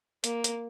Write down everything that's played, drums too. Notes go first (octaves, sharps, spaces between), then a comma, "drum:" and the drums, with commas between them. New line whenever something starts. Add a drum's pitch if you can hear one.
A#3, drum: hi-hat
drum: hi-hat